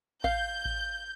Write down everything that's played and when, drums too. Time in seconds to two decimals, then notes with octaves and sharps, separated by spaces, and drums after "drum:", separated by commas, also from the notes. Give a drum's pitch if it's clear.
0.24 F5 G6, drum: kick A1
0.65 drum: kick A1